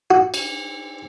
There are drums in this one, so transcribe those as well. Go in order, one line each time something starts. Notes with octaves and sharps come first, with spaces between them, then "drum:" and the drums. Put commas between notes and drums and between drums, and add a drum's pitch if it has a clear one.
F#4
drum: cymbal